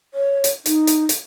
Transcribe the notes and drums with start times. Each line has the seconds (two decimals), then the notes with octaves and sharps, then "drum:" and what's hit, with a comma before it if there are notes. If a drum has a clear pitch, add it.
0.14 C#5
0.44 drum: hi-hat
0.66 D#4, drum: hi-hat
0.87 drum: hi-hat
1.09 drum: hi-hat